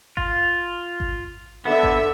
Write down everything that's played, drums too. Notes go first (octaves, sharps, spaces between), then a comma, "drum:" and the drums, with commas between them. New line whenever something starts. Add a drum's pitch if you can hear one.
F4, drum: kick G#1
drum: kick G#1
D3 B3 E5
drum: kick G#1